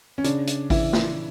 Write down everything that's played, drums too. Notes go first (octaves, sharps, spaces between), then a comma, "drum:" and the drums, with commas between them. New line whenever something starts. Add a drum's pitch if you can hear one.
C#4
C#3 D4, drum: hi-hat
drum: hi-hat
E3 E4, drum: kick G#1, open hi-hat
drum: snare